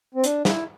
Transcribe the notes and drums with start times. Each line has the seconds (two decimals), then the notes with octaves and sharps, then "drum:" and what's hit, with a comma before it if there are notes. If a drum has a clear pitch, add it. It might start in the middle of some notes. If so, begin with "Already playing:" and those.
0.15 C4
0.24 D4, drum: hi-hat
0.45 E4, drum: snare